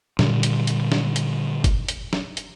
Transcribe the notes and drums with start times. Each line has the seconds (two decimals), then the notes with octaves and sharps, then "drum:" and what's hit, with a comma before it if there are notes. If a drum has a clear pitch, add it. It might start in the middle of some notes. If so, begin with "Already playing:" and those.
0.19 A#2 D3 G3, drum: snare
0.43 drum: hi-hat
0.67 drum: hi-hat
0.92 drum: snare
1.16 drum: hi-hat
1.64 drum: kick F#1, hi-hat
1.88 drum: hi-hat
2.13 drum: snare
2.37 drum: hi-hat